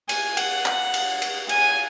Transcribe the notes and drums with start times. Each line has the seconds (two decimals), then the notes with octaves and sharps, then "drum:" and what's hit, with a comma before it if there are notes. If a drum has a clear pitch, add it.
0.09 G#5, drum: cymbal
0.37 F#5, drum: cymbal
0.66 drum: clap
0.94 drum: cymbal
1.22 drum: cymbal
1.49 G#5, drum: cymbal